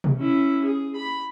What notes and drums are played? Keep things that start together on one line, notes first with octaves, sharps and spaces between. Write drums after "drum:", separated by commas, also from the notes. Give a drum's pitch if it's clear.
drum: tom B2
C#4 E4
G#4
B5